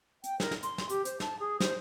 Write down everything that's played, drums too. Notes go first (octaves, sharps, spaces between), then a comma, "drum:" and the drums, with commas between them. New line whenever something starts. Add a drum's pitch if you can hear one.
G5, drum: hi-hat
A#4, drum: snare
drum: snare
C6, drum: hi-hat
drum: snare
G4, drum: hi-hat
C5, drum: hi-hat
A5, drum: snare
G#4
C5, drum: snare